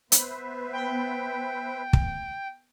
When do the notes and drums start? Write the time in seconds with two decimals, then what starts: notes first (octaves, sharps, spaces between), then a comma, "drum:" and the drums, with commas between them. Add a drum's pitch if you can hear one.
0.12 B3 B4 C5 E5, drum: hi-hat
0.73 G5
1.93 drum: kick